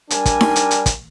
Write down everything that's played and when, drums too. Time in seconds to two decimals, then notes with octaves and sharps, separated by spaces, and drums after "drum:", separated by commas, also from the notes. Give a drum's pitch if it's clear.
0.10 G3 D4 A#4 G#5, drum: hi-hat
0.26 drum: kick, hi-hat
0.41 drum: snare D#4
0.56 drum: hi-hat
0.71 drum: hi-hat
0.86 drum: kick, hi-hat